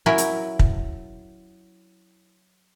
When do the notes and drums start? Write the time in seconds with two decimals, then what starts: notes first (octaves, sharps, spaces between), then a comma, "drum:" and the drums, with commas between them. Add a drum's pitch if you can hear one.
0.06 F#3 C#4 E4 A#4
0.18 drum: hi-hat
0.59 drum: kick